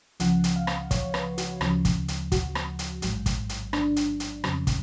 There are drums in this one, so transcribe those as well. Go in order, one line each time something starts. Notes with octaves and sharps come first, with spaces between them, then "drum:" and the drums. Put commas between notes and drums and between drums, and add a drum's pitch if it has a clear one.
C#2 C#3 F3 F#5, drum: hi-hat
drum: hi-hat
F5
drum: rim click
C#5, drum: kick, hi-hat
B4, drum: rim click
F#4, drum: hi-hat
D2 C#3 F3, drum: rim click
drum: kick, hi-hat
drum: hi-hat
F#4, drum: kick, hi-hat
drum: rim click
drum: hi-hat
A1 G#2 F#3, drum: hi-hat
drum: kick, hi-hat
drum: hi-hat
D4, drum: rim click
drum: hi-hat
drum: hi-hat
F2 C#3 F#3, drum: rim click
drum: kick, hi-hat